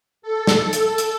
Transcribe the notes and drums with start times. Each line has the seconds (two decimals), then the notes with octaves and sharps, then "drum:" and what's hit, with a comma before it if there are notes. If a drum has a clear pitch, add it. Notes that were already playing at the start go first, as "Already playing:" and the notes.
0.22 A4
0.47 drum: snare
0.73 drum: hi-hat
0.98 drum: hi-hat